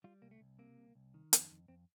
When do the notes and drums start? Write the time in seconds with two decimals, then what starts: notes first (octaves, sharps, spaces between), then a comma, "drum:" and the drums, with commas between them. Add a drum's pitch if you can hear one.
0.04 G3 F4
0.22 C2 A#3
0.31 A3
0.41 C2
0.59 C3 A#3
0.77 C2
0.95 C2
1.14 D#3
1.33 F2, drum: hi-hat
1.51 F2
1.68 F2 C4